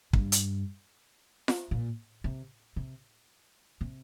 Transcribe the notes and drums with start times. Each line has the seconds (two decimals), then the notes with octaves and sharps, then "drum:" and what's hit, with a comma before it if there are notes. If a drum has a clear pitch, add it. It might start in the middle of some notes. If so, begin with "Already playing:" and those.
0.13 G2, drum: kick
0.32 drum: hi-hat
1.48 drum: snare F4
1.71 A#2
2.24 C3
2.76 C3
3.81 C3